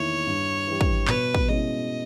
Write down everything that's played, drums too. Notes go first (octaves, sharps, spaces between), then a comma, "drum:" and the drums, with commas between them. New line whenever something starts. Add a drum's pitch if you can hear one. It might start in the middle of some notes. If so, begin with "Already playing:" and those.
Already playing: E2 D#3 A#3 E4 C#5
G2
E3 G3
drum: kick
B2 B4, drum: clap
drum: kick
G#3 C#4 E4 D#5